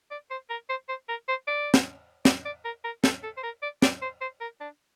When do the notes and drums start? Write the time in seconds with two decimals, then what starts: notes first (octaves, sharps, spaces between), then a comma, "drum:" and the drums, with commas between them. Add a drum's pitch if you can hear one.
0.11 D5
0.31 C5
0.50 A#4
0.69 C5
0.89 C5
1.09 A#4
1.29 C5
1.47 D5
1.74 drum: snare
2.25 D5, drum: snare
2.45 D5
2.65 A#4
2.84 A#4
3.04 A4, drum: snare
3.23 A4
3.37 C5
3.43 A#4
3.62 D5
3.82 D5, drum: snare
4.02 C5
4.21 C5
4.41 A#4
4.61 D4